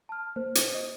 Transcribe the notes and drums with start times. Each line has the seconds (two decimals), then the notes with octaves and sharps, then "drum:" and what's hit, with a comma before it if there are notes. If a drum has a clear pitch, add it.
0.09 A5 F6
0.36 A#3 C5
0.55 drum: hi-hat
0.74 D#5